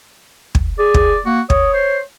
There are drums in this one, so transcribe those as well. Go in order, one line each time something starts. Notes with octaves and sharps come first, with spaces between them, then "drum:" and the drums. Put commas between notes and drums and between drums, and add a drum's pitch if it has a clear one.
drum: kick
G#4 D5
drum: kick
A#3 F#4
C#5 D#6, drum: kick
C5